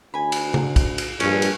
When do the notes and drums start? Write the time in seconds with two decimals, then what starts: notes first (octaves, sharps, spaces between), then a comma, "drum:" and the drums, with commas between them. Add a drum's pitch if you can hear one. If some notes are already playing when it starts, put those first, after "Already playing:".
0.14 D2 G#5 B5
0.32 drum: cymbal
0.54 drum: tom C#3
0.76 drum: kick, cymbal
0.98 drum: cymbal
1.20 A#1 G2 C#4, drum: cymbal
1.42 drum: cymbal